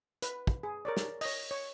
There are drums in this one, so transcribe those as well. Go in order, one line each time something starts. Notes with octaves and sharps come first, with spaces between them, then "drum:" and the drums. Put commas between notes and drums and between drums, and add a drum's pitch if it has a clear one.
B4, drum: hi-hat
drum: kick
G#4
A#4 C#5 D5
drum: snare
C#5 D#5, drum: open hi-hat
C#5